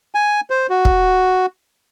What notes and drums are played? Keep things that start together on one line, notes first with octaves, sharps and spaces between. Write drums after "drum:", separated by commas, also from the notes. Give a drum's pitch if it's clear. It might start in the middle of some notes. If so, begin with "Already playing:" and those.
G#5
C5
F#4
drum: kick